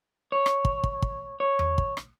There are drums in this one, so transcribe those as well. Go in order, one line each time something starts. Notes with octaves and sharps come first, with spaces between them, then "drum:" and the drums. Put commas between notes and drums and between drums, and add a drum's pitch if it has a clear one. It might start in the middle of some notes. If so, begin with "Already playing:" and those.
C#5
drum: rim click
drum: kick
drum: kick
drum: kick
C#5
drum: tom E2
drum: kick
drum: rim click